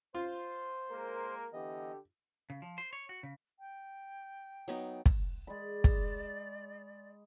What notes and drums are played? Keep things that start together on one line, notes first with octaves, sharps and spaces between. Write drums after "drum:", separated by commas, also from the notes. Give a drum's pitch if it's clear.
F4 C5 C6
G#3 A#3 A#4
D3 E3 B3 G4 D#5
C#3
F3
C5
C#5
F#4
C#3
G5
F#3 B3 D#4
drum: kick
G#3 D5 B5
drum: kick